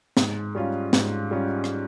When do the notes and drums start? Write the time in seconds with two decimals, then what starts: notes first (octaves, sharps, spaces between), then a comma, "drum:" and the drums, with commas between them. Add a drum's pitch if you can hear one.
0.17 G#2, drum: snare
0.55 G3 C#4 F4
0.93 G#2, drum: snare
1.31 G3 C#4 F4
1.64 drum: rim click